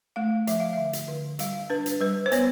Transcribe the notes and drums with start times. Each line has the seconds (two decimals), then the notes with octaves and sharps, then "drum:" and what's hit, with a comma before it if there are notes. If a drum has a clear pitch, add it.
0.16 A3 F5
0.47 F3 E5, drum: hi-hat
0.60 F5
0.73 D3 E5
0.93 drum: hi-hat
1.08 D3
1.39 G3 F5, drum: hi-hat
1.70 D4 B4
1.86 drum: hi-hat
2.01 G3 B4
2.26 C5
2.32 B3 C#5, drum: hi-hat